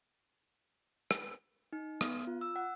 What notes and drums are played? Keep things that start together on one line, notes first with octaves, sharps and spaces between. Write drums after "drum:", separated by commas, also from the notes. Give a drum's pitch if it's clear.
drum: rim click
D#4
B3, drum: rim click
F4
E6
F#5